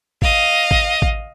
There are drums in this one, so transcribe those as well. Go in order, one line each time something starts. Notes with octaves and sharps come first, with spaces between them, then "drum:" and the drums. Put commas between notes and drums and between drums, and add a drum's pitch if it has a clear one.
D#5 F5, drum: kick
drum: kick
drum: kick